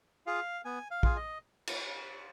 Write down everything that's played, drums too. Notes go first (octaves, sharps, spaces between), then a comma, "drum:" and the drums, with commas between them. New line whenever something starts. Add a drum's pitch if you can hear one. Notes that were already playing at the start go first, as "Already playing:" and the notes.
F4 G#4 F5
B3 G#5
F5
F4 G#4, drum: kick A#1
D#5
drum: cymbal